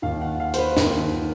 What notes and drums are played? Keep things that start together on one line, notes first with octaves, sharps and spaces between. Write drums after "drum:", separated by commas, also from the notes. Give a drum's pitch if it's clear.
D#2 D#3 F5
F#5
F5
C5, drum: hi-hat
B4
D#2 D#3 A#4, drum: snare
A#4